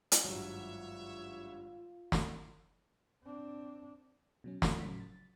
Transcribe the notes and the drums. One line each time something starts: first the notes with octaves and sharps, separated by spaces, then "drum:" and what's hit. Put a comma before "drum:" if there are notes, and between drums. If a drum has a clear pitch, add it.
drum: hi-hat
G#1 G2 F#3 F4 C#5 E5
drum: snare
C4 D4
B2 F#3 C#4
G#2 F3, drum: snare
A2 C#3 F#3 B6
A6